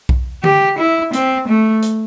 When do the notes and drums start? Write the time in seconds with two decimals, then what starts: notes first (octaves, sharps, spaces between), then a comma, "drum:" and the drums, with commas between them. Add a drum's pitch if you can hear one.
0.09 drum: kick B1
0.44 G4, drum: tom D3
0.78 E4
1.13 C4, drum: hi-hat
1.48 A3
1.82 drum: hi-hat